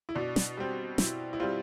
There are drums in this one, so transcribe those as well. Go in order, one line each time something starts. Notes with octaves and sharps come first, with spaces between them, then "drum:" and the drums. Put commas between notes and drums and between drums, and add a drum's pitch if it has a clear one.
E4
B2 D4
drum: snare
G3 C4
B2 E4, drum: snare
E4
G3 C4 F4